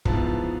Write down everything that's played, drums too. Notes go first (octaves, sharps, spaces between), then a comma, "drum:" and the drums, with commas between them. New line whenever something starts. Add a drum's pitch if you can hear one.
G#2 F3 B3 E4 A5, drum: kick